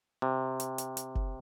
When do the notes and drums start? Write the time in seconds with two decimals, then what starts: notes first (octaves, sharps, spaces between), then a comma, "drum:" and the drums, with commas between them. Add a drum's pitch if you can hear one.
0.22 C3
0.60 drum: hi-hat
0.78 drum: hi-hat
0.97 drum: hi-hat
1.15 drum: kick F#1